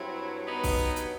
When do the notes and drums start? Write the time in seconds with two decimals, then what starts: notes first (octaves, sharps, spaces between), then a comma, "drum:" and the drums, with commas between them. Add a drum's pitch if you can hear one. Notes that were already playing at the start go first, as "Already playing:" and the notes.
Already playing: G2 F#3 C4 E4
0.47 B3 D#4
0.63 drum: kick C2, open hi-hat
0.96 drum: hi-hat